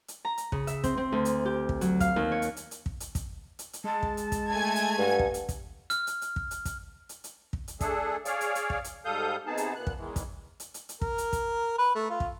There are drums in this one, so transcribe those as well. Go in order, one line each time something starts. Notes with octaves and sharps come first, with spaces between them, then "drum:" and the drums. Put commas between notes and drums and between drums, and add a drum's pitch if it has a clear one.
drum: hi-hat
A#5
drum: hi-hat
C#3, drum: kick
E5, drum: hi-hat
C4, drum: kick, hi-hat
C4
D2
drum: hi-hat
G4
drum: kick
F#3, drum: hi-hat
F5, drum: kick, hi-hat
D#2
C#5
drum: hi-hat
drum: hi-hat
drum: hi-hat
drum: kick
drum: hi-hat
drum: kick, hi-hat
drum: hi-hat
drum: hi-hat
G#3 A5
drum: kick
drum: hi-hat
drum: kick, hi-hat
A3 G#5 G#6
drum: hi-hat
G2 F#5
drum: kick
drum: hi-hat
drum: kick, hi-hat
F6, drum: hi-hat
drum: hi-hat
drum: hi-hat
drum: kick
drum: hi-hat
drum: kick, hi-hat
drum: hi-hat
drum: hi-hat
drum: kick
drum: hi-hat
A3 D4 G#4 A4, drum: kick, hi-hat
G#4 C#5 D5 F5, drum: hi-hat
drum: hi-hat
drum: hi-hat
drum: kick
drum: hi-hat
G#2 G3 A4 F5 D#6 G6
C3 B3 D#4 G#4 A5
drum: hi-hat
A#2 B3 F#6
drum: kick
E2 D#3 E3 G#3
drum: kick, hi-hat
drum: hi-hat
drum: hi-hat
drum: hi-hat
A#4, drum: kick
drum: hi-hat
drum: kick, hi-hat
B4
A3
F4
drum: kick